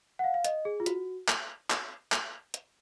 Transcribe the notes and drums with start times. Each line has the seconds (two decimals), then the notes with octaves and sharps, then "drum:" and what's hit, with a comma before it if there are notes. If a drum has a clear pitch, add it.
0.19 F#5
0.24 F5
0.34 F5
0.44 D#5, drum: hi-hat
0.65 G#4
0.80 F4
0.86 F#4, drum: hi-hat
1.28 drum: clap
1.70 drum: clap
2.12 drum: clap
2.54 drum: hi-hat